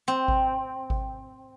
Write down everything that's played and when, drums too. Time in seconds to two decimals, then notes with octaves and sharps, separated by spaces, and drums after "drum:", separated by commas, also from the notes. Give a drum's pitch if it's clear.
0.08 C4
0.28 drum: kick G#1
0.90 drum: kick G#1